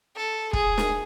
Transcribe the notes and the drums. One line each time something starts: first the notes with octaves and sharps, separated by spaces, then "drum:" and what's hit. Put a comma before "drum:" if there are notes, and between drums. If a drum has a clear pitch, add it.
A4
G#4, drum: kick
drum: snare